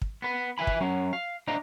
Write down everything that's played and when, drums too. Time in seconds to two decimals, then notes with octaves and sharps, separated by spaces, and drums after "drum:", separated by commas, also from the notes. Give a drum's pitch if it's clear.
0.02 drum: kick
0.22 B3 B4
0.58 B4 E5 F5 G#5 B5
0.67 drum: kick
0.80 F#3 C#4
1.13 F5
1.48 D4 C5 D#5 F5 A#5